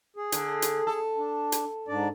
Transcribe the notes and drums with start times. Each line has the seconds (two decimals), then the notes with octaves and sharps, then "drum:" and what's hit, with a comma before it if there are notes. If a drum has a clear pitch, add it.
0.16 G#4
0.32 D3, drum: hi-hat
0.62 drum: hi-hat
0.87 A4
1.18 D4
1.52 drum: hi-hat
1.88 G#2 D4 D5